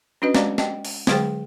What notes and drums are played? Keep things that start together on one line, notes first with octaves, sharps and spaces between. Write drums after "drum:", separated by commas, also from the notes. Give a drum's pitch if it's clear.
C#4 D4 F#4 B4 D#5
G#3 C4 D5 D#5 A#5 D6, drum: snare
D#5 G5 A5, drum: snare
drum: open hi-hat
D3 F#3 G#3 G#4 C5 G5, drum: snare